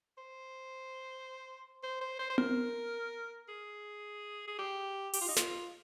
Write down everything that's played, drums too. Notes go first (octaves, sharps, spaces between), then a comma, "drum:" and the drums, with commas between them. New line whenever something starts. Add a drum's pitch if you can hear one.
C5
C5
C5
C5
C5
A#4, drum: tom B3
G#4
G#4
G4
G4, drum: open hi-hat
F4
D#4
F4, drum: snare